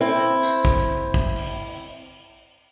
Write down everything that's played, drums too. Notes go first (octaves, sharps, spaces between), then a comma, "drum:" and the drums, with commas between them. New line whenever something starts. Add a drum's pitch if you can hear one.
C4 E4
drum: tambourine
drum: kick
drum: kick
drum: open hi-hat